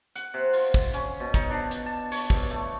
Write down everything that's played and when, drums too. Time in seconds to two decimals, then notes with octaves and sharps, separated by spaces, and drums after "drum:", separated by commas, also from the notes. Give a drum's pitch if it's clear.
0.16 F#5, drum: hi-hat
0.34 C3
0.53 F4, drum: open hi-hat
0.74 drum: kick
0.94 C#4, drum: hi-hat
1.20 B2
1.34 D#4, drum: kick, hi-hat
1.50 D4
1.71 drum: hi-hat
1.86 A5
2.12 C#5, drum: open hi-hat
2.30 G2, drum: kick
2.51 A3, drum: hi-hat